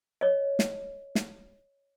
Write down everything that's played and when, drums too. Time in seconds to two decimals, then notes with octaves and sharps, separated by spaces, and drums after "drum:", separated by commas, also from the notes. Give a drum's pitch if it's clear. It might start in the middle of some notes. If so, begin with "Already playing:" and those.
0.21 C#5 D#5
0.59 drum: snare
1.15 drum: snare